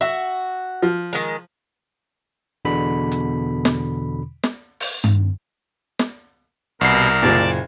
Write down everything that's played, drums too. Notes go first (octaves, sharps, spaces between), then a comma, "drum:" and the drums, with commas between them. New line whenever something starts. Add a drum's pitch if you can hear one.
F#4 E5
F3
D#3 G#3
E2 B2 D3 B5
drum: hi-hat
drum: snare
drum: snare
drum: open hi-hat
drum: tom G2
drum: snare
C2 B2 A#4 C7
F#1 A#2 D5 A5